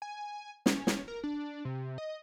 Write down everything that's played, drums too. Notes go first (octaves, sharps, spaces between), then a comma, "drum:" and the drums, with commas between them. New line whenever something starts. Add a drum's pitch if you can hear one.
G#5
C#4, drum: snare
drum: snare
A#4
D4
C3
D#5